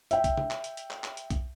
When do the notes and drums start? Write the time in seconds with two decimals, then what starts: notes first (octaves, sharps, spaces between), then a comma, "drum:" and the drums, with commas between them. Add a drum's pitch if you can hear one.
0.11 E5 G5, drum: hi-hat
0.24 drum: kick B1, hi-hat
0.37 drum: tom C3
0.51 drum: clap
0.64 drum: hi-hat
0.77 drum: hi-hat
0.91 drum: clap
1.04 drum: clap
1.17 drum: hi-hat
1.30 drum: kick B1, hi-hat